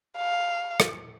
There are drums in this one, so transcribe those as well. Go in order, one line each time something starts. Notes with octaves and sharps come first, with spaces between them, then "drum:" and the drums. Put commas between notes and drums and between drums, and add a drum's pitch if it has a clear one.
F5
drum: rim click